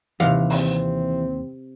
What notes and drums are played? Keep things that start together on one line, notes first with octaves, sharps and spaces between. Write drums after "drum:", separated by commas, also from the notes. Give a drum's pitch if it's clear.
D#2 C3 E3 F5
C4, drum: open hi-hat